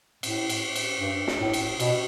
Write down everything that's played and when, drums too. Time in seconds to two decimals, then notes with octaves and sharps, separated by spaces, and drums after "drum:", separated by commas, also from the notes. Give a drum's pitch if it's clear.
0.23 A2, drum: cymbal
0.49 drum: cymbal
0.75 drum: cymbal
1.01 G2
1.27 drum: snare
1.41 A2
1.53 drum: cymbal
1.80 B2, drum: cymbal